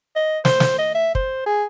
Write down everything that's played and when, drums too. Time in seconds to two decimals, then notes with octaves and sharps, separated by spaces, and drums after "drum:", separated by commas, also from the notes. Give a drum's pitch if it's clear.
0.16 D#5
0.45 C5, drum: snare
0.60 drum: snare
0.78 D#5
0.95 E5
1.15 C5, drum: kick
1.46 G#4